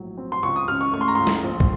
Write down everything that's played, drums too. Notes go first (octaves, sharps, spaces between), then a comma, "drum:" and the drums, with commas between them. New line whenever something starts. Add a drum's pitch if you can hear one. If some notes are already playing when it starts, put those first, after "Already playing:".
Already playing: A#1 A2 F#3
C4
C6
C#2 C#6
D#6
C#3 F6
C#6
A3 C#6
C6
A#5
C#2 C6
drum: snare
A#1
drum: kick